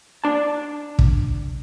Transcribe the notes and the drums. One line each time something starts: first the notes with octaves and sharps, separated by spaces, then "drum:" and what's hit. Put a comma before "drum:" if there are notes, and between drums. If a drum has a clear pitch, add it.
D4 A5
drum: kick